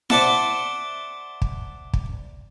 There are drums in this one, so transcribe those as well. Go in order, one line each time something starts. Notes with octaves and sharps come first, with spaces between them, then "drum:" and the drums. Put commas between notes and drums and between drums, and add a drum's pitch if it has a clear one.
C5 D5 E5 F#5 A5, drum: snare E4
drum: kick
drum: kick